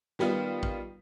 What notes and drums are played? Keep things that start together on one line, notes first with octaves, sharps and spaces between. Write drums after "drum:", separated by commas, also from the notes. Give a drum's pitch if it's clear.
D#3 G3 B3 F4, drum: snare
drum: kick